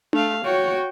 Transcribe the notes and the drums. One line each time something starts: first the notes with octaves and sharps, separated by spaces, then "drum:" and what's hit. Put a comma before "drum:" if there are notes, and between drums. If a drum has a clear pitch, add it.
A3 F5, drum: tom D4
F#4 C#5 G5